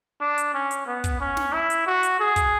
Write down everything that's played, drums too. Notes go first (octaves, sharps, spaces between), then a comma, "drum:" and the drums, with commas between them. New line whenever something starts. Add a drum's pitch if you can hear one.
D4
drum: hi-hat
C#4
drum: hi-hat
B3
drum: kick, hi-hat
C#4
drum: snare
E4
drum: hi-hat
F#4
drum: hi-hat
G#4
drum: kick, hi-hat